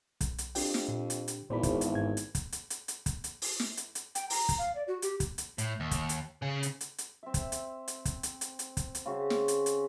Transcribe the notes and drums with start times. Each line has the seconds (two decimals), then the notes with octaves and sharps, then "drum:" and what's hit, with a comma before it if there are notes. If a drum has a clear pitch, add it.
0.21 B1, drum: kick, hi-hat
0.38 drum: hi-hat
0.55 F2 D4 G4 G5, drum: open hi-hat
0.74 drum: snare
0.88 A#2
1.10 drum: hi-hat
1.28 drum: hi-hat
1.50 G#1 E2 A#2 C5 D5 B5
1.63 drum: kick, hi-hat
1.81 drum: hi-hat
1.95 G#2 G#6
2.17 drum: hi-hat
2.35 drum: kick, hi-hat
2.52 drum: hi-hat
2.70 drum: hi-hat
2.88 drum: hi-hat
3.06 drum: kick, hi-hat
3.24 drum: hi-hat
3.42 drum: open hi-hat
3.60 drum: snare
3.77 drum: hi-hat
3.95 drum: hi-hat
4.15 G5, drum: hi-hat
4.30 A#5, drum: open hi-hat
4.49 drum: kick, hi-hat
4.58 F5
4.75 D5
4.88 F#4
5.02 G4, drum: hi-hat
5.20 drum: kick, hi-hat
5.38 drum: hi-hat
5.58 A2, drum: hi-hat
5.80 D#2
5.91 drum: kick, hi-hat
6.09 drum: hi-hat
6.42 C#3 G#4
6.63 drum: hi-hat
6.81 drum: hi-hat
6.98 drum: hi-hat
7.23 C4 E5
7.34 drum: kick, hi-hat
7.52 drum: hi-hat
7.88 drum: hi-hat
8.05 drum: kick, hi-hat
8.23 drum: hi-hat
8.41 drum: hi-hat
8.59 drum: hi-hat
8.77 drum: kick, hi-hat
8.95 drum: hi-hat
9.06 C#3 C4 C#4 F#4
9.30 drum: snare
9.48 drum: hi-hat
9.66 drum: hi-hat